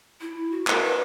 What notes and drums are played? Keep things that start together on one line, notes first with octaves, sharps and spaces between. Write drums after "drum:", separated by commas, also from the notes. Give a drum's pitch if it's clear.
E4
F#4
A#4, drum: clap
B4